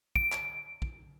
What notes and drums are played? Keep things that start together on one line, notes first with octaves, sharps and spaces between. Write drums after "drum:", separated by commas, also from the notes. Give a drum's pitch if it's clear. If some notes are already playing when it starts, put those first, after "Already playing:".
D7, drum: kick
drum: clap
drum: kick